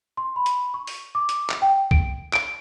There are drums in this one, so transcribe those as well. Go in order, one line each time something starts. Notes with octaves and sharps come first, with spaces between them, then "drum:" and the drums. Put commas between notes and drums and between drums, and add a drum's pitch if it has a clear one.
C6
B5
drum: hi-hat
C#6
drum: open hi-hat
D6
drum: hi-hat
drum: clap
G5
D7, drum: kick C2
D7, drum: clap